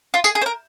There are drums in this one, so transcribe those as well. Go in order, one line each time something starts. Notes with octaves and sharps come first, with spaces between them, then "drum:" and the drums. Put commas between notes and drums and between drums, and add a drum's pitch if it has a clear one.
F4
G#4, drum: tambourine
G#4
C5
A#4